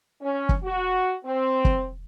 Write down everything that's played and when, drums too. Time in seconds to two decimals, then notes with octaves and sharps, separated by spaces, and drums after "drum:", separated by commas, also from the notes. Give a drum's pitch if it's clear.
0.22 C#4
0.49 drum: kick
0.63 F#4
1.25 C4
1.65 drum: kick